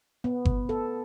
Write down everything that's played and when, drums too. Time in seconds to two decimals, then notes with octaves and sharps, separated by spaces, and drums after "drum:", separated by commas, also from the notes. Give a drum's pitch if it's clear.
0.24 B3
0.45 drum: kick G1
0.69 A4